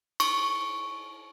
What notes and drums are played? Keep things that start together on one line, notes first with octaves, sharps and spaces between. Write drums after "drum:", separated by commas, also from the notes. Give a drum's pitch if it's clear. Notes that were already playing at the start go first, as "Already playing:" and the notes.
C#6, drum: cymbal